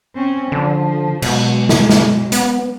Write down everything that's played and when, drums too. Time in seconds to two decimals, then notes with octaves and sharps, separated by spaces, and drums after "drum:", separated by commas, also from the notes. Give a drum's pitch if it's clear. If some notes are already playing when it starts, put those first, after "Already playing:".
0.15 C4 C#4
0.52 D3 F3
1.22 B2 F#3 G#3, drum: cymbal
1.69 drum: snare
1.89 drum: snare
2.32 B3, drum: hi-hat